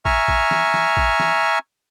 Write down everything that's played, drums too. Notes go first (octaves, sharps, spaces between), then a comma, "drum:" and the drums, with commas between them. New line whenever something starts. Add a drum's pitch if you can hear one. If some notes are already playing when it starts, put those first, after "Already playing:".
E5 G#5 A#5 C#6 F6, drum: kick
drum: kick
drum: snare
drum: snare
drum: kick
drum: snare